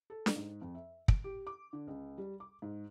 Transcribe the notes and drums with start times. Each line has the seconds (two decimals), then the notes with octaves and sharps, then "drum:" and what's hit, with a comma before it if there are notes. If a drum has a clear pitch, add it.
0.10 A4
0.26 drum: snare D4
0.36 G#2
0.61 F2
0.75 E5
1.08 D7, drum: kick
1.24 G4
1.47 D6
1.73 D3
1.87 C#2
2.18 G3
2.40 D6
2.62 G#2